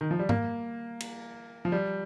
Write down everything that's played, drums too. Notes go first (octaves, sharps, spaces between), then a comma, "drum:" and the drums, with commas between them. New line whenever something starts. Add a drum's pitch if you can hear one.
D#3
F3
G3
A#3, drum: tom G#2
drum: cymbal
F3
G3